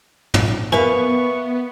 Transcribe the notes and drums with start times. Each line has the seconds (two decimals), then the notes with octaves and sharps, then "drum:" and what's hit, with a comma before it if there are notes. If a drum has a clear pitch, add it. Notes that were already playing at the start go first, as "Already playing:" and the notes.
0.34 drum: tom
0.72 B3 A#4 B4 E5 F5 G#5 C#6